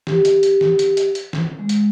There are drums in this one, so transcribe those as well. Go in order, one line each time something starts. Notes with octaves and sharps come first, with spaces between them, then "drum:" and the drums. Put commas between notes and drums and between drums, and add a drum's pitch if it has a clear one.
G4, drum: snare
drum: hi-hat
drum: hi-hat
drum: snare
drum: hi-hat
drum: hi-hat
drum: hi-hat
drum: snare
G#3
drum: hi-hat